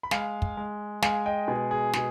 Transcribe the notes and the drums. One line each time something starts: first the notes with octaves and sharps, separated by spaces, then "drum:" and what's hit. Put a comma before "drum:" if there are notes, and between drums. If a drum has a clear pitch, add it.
B5
G#3 F5 G#5, drum: snare
drum: kick
G#3
G#3 F5 G#5, drum: snare
D#5 G5
B2 G#4
G#4
B2 G#4, drum: snare